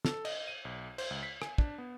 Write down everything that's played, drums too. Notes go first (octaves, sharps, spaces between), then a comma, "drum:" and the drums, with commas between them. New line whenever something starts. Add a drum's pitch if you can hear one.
A4, drum: snare
D#5, drum: cymbal
D#7
B1
C5, drum: cymbal
C#2
B6
G#5, drum: rim click
D4, drum: kick
B3